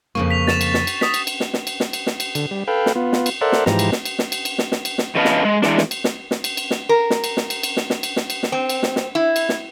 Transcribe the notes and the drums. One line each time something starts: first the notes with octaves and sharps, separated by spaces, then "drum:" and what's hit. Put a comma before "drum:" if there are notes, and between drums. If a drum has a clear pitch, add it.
F2 C#3 A#3 C#6
B6 F7
A6 E7, drum: snare
drum: cymbal
drum: snare
drum: cymbal
D#6 B6, drum: snare
drum: cymbal
drum: cymbal
drum: snare
drum: snare
drum: cymbal
drum: snare
drum: cymbal
drum: snare
drum: cymbal
D3, drum: cymbal
G3
A4 B4 F5 G5
drum: snare
B3 F4
drum: snare
drum: cymbal
A4 A#4 C5 D5 E5 F#5
drum: snare
G#2 E3 F3 G4 A#5, drum: snare
drum: cymbal
drum: snare
drum: cymbal
drum: snare
drum: cymbal
drum: cymbal
drum: snare
drum: snare
drum: cymbal
drum: snare
E2 C#4 B4 D#5 F5 A5
drum: snare
G#3
E3 G#3 D4, drum: snare
drum: snare
drum: cymbal
drum: snare
drum: snare
drum: cymbal
drum: cymbal
drum: snare
A#4
drum: snare
drum: cymbal
drum: snare
drum: cymbal
drum: cymbal
drum: snare
drum: snare
drum: cymbal
drum: snare
drum: cymbal
drum: snare
C4
drum: cymbal
drum: snare
drum: snare
E4
drum: cymbal
drum: snare